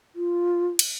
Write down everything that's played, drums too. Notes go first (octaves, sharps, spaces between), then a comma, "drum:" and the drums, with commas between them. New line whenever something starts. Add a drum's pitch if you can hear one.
F4
drum: cymbal